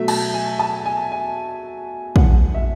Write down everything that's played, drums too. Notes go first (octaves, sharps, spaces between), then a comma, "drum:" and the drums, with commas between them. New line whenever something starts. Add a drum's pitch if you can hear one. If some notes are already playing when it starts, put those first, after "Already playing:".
Already playing: B2 F#3 A3 E5
A5, drum: cymbal
G#5
A5
G#5
G#5
F#5, drum: kick
E5